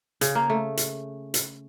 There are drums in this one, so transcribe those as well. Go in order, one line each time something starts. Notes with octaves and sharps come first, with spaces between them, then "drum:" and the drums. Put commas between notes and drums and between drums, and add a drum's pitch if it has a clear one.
C#3, drum: hi-hat
A#3
A3
drum: hi-hat
drum: hi-hat